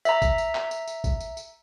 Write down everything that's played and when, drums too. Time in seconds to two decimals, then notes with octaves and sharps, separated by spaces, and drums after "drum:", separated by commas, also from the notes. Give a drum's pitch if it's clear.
0.05 E5 A#5, drum: tambourine
0.22 drum: kick, tambourine
0.38 drum: tambourine
0.55 drum: clap
0.71 drum: tambourine
0.88 drum: tambourine
1.04 drum: kick, tambourine
1.20 drum: tambourine
1.37 drum: tambourine